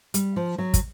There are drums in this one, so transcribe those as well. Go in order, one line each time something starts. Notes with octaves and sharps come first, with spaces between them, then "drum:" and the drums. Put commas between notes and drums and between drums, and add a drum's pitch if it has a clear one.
G3, drum: hi-hat
F3
F#3
drum: kick, hi-hat